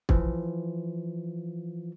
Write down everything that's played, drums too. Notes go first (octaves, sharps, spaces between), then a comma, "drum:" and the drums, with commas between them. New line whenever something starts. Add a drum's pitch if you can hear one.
E3 F3 F4, drum: kick